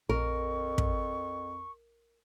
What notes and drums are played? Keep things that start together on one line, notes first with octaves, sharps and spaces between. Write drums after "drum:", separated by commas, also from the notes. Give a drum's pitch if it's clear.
A#1 F2 A#4 C#6
drum: kick